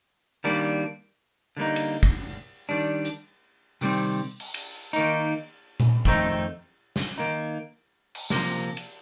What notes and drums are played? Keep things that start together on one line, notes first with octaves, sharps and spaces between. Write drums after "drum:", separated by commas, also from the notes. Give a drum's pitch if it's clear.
D#3 G3 A#3 D4
D3 G3 A#3 D#4
drum: cymbal
drum: kick
D#3 G3 D4
drum: hi-hat
C3 D#3 G3 C4, drum: open hi-hat
drum: cymbal
drum: cymbal
D#3 A#3 D#4, drum: hi-hat
drum: tom A#2
F2 D#3 A3 C4 D#4, drum: kick
drum: snare
D#3 A#3 D#4
drum: cymbal
C3 F3 A#3, drum: snare
drum: cymbal